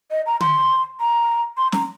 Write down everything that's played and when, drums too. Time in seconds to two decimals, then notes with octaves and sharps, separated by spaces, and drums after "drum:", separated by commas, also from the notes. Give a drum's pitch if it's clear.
0.11 D#5
0.26 A#5
0.40 C6, drum: tom D3
1.00 A#5
1.58 C6
1.72 A#5, drum: snare